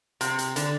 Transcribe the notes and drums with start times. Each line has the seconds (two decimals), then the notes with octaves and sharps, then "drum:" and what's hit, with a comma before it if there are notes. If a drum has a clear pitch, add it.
0.21 C3, drum: hi-hat
0.38 drum: hi-hat
0.56 D3, drum: hi-hat